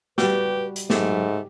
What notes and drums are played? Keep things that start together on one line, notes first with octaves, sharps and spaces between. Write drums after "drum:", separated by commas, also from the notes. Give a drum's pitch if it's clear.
G3 F#4 G4 B4, drum: snare
drum: hi-hat
G#2 F#3 A3 G4, drum: snare